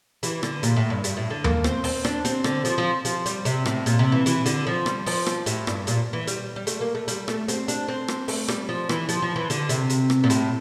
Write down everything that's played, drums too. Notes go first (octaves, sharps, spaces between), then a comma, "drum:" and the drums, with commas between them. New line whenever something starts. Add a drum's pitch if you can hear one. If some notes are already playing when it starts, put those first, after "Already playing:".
E3, drum: hi-hat
D3, drum: rim click
A#2, drum: hi-hat
A2
G2
G2, drum: hi-hat
A2
D3
A#3, drum: tom D#2
C4, drum: rim click
C4, drum: open hi-hat
D4, drum: rim click
C4, drum: hi-hat
D3, drum: rim click
F3, drum: hi-hat
F3
F3, drum: hi-hat
G3, drum: hi-hat
C3, drum: hi-hat
A2, drum: rim click
A#2, drum: hi-hat
C3
E3
E3, drum: hi-hat
D3, drum: hi-hat
F3
G3, drum: rim click
F3, drum: open hi-hat
drum: rim click
A2, drum: hi-hat
G2, drum: rim click
A#2, drum: hi-hat
E3
G3, drum: hi-hat
G3
A3, drum: hi-hat
A#3
A3
G3, drum: hi-hat
A3, drum: rim click
C4, drum: hi-hat
D4, drum: hi-hat
C4
drum: rim click
A3, drum: open hi-hat
G3, drum: rim click
F3
E3, drum: rim click
F3, drum: hi-hat
F3
E3
D3, drum: hi-hat
C3, drum: hi-hat
drum: hi-hat
drum: rim click
A#2
A2, drum: hi-hat